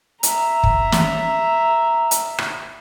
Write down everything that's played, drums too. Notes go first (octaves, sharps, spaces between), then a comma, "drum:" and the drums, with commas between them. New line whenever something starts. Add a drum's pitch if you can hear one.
E5 A#5, drum: hi-hat
drum: kick
drum: snare
drum: hi-hat
drum: rim click